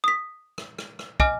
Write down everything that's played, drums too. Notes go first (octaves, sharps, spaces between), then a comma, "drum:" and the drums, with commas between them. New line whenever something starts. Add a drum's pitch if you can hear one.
D#6 B6
drum: rim click
drum: rim click
drum: rim click
D#5 G#5 D6 F6, drum: kick